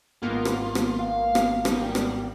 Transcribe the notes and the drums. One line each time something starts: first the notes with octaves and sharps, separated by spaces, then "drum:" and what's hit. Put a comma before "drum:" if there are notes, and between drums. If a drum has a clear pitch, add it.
G#1 A#3 B3 F4
drum: rim click
drum: rim click
F5
drum: rim click
D#4, drum: rim click
G3 G4
drum: rim click